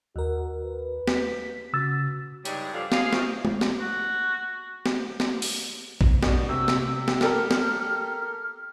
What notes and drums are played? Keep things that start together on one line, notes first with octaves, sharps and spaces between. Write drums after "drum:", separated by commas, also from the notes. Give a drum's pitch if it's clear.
D#2 F#4 A#4
B4
B6, drum: snare
C#3 F#4 E6 A6
G2 G3 G#3 D4 D#4 C#5, drum: hi-hat
G2 D3 F3 D4 A4 F5
G#4 F5, drum: snare
A#2 E3 F3 C4 C#4 F4, drum: snare
drum: tom G#3
drum: snare
F#4
drum: snare
drum: snare
drum: open hi-hat
drum: kick A#1
B2 D4, drum: snare
C3 E6
drum: snare
G4, drum: snare
G4 A4 A#4 F6, drum: snare
drum: snare